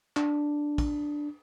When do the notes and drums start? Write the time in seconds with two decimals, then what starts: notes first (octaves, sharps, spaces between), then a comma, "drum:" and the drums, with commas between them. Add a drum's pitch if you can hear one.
0.16 D4, drum: clap
0.78 drum: kick, cymbal